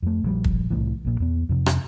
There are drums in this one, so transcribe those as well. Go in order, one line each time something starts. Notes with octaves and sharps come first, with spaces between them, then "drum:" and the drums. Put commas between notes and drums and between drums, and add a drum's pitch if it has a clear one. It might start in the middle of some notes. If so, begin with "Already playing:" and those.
F2 A3
A#1 F3 G3
drum: kick
C2 A2 E3
A#1 A#2
E2 B3
F2 C3
drum: rim click